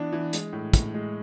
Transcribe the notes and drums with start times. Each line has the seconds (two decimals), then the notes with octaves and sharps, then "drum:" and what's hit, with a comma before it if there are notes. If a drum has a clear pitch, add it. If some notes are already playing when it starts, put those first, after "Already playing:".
Already playing: E3 B3 D4
0.13 E3
0.33 G#3, drum: hi-hat
0.53 A2
0.73 A2, drum: kick, hi-hat
0.94 G#3